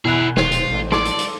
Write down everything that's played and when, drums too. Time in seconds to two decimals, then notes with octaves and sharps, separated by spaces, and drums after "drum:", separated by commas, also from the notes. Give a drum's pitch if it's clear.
0.05 E2 B2 E4 G#4 A#4 F#6
0.37 D#1 F4 C5, drum: snare
0.52 drum: hi-hat
0.71 A1
0.92 A4 D5 C6 D6, drum: snare
1.05 drum: hi-hat
1.19 drum: hi-hat